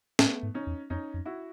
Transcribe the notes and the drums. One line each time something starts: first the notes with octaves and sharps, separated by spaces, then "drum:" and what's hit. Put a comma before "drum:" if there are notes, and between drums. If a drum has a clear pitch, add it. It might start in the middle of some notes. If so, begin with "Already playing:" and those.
A2 A3 B3, drum: snare
G#2
C#4 D#4
E2
F2 C#4 D#4
F2
E4 F#4